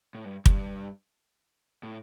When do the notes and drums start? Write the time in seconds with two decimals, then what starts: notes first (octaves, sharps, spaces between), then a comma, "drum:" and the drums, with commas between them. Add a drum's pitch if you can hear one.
0.15 A2
0.25 G2
0.46 G2, drum: kick
1.83 A2